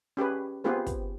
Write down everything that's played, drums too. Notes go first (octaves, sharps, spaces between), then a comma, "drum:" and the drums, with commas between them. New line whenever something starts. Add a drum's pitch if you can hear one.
C#4 G4 G#4 B4
B3 C4 F4 G4 G#4 B4
drum: kick, hi-hat